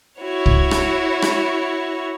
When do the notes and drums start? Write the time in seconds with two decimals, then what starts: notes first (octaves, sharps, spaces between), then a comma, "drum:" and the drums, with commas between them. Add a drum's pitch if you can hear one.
0.20 E4 F#4 C#5
0.46 drum: kick
0.71 drum: rim click
1.22 drum: rim click